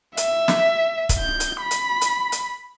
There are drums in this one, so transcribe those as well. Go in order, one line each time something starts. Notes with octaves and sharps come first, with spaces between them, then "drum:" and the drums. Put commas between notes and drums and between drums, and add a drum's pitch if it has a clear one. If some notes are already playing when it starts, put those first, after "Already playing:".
E5, drum: hi-hat
drum: snare
drum: kick, hi-hat
G6
drum: hi-hat
B5
drum: hi-hat
drum: hi-hat
drum: hi-hat